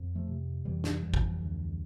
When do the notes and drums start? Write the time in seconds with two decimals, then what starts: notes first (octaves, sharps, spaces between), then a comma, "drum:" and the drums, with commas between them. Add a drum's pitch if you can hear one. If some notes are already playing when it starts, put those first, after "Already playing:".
Already playing: F2
0.15 F3 A3
0.27 C3
0.65 F2 E3 G3
0.84 drum: snare
1.03 F2
1.14 drum: kick
1.40 D2